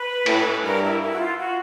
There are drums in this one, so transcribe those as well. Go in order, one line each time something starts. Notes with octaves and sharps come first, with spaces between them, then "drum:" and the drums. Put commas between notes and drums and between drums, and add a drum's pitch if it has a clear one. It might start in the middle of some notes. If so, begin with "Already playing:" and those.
Already playing: B4
A2, drum: cymbal
G2 A#4
E4
E4
F#4
F4
F#4